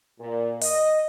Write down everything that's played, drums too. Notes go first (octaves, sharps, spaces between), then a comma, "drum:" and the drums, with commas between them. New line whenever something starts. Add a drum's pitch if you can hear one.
A#2
D#5, drum: open hi-hat